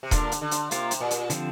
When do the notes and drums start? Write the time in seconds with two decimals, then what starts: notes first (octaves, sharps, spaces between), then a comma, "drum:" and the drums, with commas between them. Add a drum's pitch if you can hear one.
0.03 C3
0.11 D3 A#3 D4 F4 A#4, drum: kick D#1, hi-hat
0.32 drum: hi-hat
0.41 D3
0.51 drum: hi-hat
0.71 C3 A#3 F4 A#4, drum: hi-hat
0.91 drum: hi-hat
1.00 A#2
1.11 drum: hi-hat
1.30 D3 F3 C4, drum: hi-hat